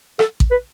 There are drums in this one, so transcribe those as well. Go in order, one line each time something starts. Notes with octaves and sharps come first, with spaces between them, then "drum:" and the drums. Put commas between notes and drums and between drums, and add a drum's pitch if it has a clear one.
A4, drum: rim click
drum: kick A1
B4